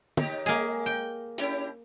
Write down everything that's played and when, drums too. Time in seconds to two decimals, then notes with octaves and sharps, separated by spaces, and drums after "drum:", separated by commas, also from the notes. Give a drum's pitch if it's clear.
0.17 D#2 D#4 G4, drum: tom
0.46 G#3 A#3 G#4
0.86 G5
1.38 C#4 E4 G4, drum: hi-hat